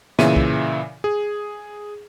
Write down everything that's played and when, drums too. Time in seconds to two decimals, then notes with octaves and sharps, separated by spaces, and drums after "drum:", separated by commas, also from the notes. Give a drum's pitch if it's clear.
0.19 A#2 C#3 E3 E5 D#7, drum: snare
0.36 drum: kick
1.04 G#4